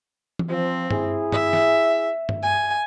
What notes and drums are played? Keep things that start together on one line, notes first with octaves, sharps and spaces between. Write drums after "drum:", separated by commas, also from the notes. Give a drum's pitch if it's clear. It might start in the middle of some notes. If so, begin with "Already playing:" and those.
drum: tom E3
F3 C4
E4 G#4, drum: tom G2
E5, drum: tom G2
drum: snare
drum: tom G2
G#5